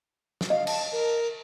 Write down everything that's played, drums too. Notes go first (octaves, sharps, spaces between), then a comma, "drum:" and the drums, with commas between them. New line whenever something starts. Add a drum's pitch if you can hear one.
drum: snare
D#5 F5
A5, drum: cymbal
A#4